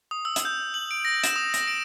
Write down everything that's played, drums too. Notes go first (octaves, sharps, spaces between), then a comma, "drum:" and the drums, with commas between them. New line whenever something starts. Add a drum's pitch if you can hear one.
D#6
E6
drum: hi-hat
G6
F#7
D7
A#6
E7, drum: hi-hat
D#6
A#6, drum: hi-hat
D7